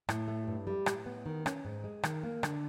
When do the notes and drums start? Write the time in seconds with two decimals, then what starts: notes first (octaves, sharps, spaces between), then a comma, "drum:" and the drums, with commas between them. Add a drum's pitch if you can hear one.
0.09 A2, drum: rim click
0.28 A3
0.47 G2
0.67 G3
0.86 A2, drum: rim click
1.06 B3
1.26 D#3
1.46 C#4, drum: rim click
1.65 G#2
1.84 G#3
2.03 D#3, drum: rim click
2.23 A#3
2.43 D3, drum: rim click